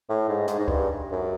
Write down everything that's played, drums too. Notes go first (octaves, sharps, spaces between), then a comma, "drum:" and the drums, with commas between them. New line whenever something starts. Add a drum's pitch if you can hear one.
A2
G#2
G#2, drum: hi-hat
G#2
G2, drum: kick C#2
F#2